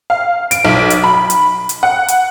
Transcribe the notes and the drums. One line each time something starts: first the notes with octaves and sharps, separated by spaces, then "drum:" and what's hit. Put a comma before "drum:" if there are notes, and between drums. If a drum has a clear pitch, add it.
F5
D7, drum: hi-hat
B1
drum: hi-hat
B5
drum: hi-hat
drum: hi-hat
F#5
drum: hi-hat